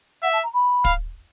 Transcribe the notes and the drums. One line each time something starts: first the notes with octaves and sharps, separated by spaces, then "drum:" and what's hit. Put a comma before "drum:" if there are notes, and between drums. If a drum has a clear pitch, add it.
E5 F#5
A5
A#5
B5
F5, drum: kick